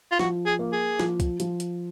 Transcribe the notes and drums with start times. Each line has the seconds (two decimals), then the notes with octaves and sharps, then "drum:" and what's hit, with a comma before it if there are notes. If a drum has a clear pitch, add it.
0.12 F4
0.19 F3 F#4, drum: snare
0.46 G#4
0.59 A#3
0.72 G#4
1.00 F3, drum: snare
1.20 drum: kick, hi-hat
1.40 F3, drum: hi-hat
1.60 drum: hi-hat